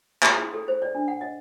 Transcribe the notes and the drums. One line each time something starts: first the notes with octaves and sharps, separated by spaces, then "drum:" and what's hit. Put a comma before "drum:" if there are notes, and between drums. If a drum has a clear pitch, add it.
G#4, drum: clap
E4
A4
C5
D5
D4
F#5
D#5